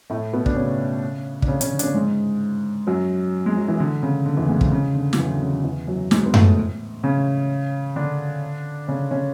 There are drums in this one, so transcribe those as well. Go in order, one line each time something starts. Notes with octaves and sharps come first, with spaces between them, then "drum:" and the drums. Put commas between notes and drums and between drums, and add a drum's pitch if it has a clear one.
A2 A3
B2 B3
D4, drum: kick
C#3 C#4
D4, drum: kick
C#3 C#4
C#3 C#4, drum: hi-hat
D3
D4, drum: hi-hat
C#3 C#4
G#2 G#3
F#2 F#3
G#3
F#3
E3
D3
C#3
D3
E2 E3
G#2 G#3
C#3, drum: kick
C#3
D3
F#3, drum: snare
E2 E3
D3
C#3
D3
E2 E3
F#2 F#3
G#2 G#3, drum: snare
B3
A2 A3, drum: tom F#2
C#3 C#4
D3 D4
C#3 C#4
C#3 C#4